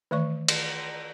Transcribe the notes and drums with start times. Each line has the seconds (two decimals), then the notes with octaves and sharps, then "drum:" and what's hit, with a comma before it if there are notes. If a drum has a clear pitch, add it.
0.11 D#3 E3 A3 D5 C#6
0.48 drum: cymbal